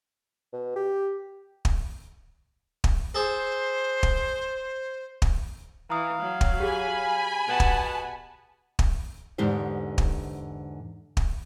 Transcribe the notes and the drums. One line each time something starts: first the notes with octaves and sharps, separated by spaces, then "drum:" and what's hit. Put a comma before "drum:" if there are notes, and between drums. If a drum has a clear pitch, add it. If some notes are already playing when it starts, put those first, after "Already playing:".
B2
G4
drum: kick
drum: kick
G#4 A4 C5
drum: kick
drum: kick
E3 F5 A#5 D#6
F#3
drum: kick
G4 G#4 G#5 B5
B2 B3 F#5 A5
drum: kick
drum: kick
E2 G#2 D3 G4 C5
drum: kick
drum: kick